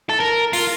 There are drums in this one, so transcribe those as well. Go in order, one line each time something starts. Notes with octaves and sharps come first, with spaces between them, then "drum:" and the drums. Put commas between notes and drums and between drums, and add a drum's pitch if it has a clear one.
A4
A#4
F4, drum: open hi-hat